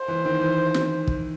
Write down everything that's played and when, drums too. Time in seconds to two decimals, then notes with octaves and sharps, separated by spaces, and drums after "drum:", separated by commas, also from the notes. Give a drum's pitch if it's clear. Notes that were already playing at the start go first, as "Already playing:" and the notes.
Already playing: C5
0.08 E3
0.25 D#3
0.41 E3
0.74 drum: snare
1.07 drum: kick